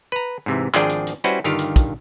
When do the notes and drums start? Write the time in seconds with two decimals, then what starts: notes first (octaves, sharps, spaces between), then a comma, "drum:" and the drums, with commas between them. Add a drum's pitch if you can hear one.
0.12 B4 A#5
0.46 G#2 C3 E3
0.74 G#1 F3 D4 G#4 D5 G5, drum: clap
0.89 drum: hi-hat
1.07 drum: hi-hat
1.24 G3 C#4 E4 F#4 B4 C5, drum: hi-hat
1.44 G2 D3 D#3 F4 G4 F5, drum: hi-hat
1.59 drum: hi-hat
1.76 drum: kick, hi-hat